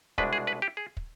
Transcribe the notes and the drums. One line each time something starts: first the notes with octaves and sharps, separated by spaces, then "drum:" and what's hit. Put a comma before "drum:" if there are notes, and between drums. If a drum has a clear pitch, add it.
C2 B2 G#3 D4 B4, drum: kick
G#4
B4
G4
G#4
drum: kick